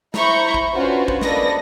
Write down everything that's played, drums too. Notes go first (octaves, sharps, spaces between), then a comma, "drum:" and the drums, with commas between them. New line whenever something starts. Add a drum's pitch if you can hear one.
E4 C5 A#5 B5 C#6 G6, drum: snare
drum: kick
C#4 D4 F4 F#4 B4 C5
drum: kick
A#3 A4 B4 D5 D#5 A#6, drum: snare